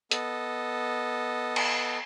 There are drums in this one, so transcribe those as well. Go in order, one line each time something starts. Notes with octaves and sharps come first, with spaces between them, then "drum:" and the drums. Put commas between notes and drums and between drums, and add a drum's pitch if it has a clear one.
B3 A4 D#5, drum: hi-hat
drum: cymbal